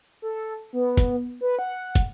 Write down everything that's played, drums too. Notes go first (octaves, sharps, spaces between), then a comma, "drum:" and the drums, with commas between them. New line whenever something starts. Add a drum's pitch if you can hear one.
A4
B3
drum: kick, hi-hat
B4
F#5
drum: kick, hi-hat